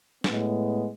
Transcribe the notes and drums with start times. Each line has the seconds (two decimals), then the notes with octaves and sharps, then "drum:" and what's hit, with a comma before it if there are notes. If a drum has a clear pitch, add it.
0.24 A2 G#3 B3, drum: snare